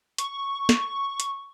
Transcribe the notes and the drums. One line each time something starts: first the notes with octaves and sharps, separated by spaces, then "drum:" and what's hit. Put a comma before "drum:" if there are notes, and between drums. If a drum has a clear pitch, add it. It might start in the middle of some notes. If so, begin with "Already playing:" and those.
C#6, drum: hi-hat
drum: snare
drum: hi-hat